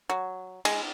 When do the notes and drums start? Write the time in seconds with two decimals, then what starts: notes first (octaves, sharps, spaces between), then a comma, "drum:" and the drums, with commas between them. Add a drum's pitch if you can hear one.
0.09 F#3
0.65 G#3, drum: cymbal